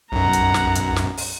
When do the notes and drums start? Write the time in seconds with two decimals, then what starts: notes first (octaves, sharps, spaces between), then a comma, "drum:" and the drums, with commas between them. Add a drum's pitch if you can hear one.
0.12 B1 F#2 F#5 A#5
0.33 drum: hi-hat
0.54 drum: snare
0.75 drum: hi-hat
0.96 drum: snare
1.17 drum: open hi-hat